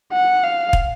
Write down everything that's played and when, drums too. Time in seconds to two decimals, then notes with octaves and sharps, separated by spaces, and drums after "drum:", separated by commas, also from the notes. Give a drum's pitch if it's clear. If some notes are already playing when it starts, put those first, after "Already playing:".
0.13 F#5
0.44 F5
0.73 drum: kick